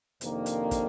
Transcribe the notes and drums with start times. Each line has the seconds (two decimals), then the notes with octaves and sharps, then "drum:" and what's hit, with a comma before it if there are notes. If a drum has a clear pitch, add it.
0.21 F2 C3 D#3 A#3 D4, drum: hi-hat
0.46 drum: hi-hat
0.71 drum: kick, hi-hat